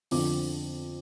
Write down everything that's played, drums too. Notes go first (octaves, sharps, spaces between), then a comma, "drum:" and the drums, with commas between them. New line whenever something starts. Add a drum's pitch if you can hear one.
F2 D3 F3 C4 D6, drum: open hi-hat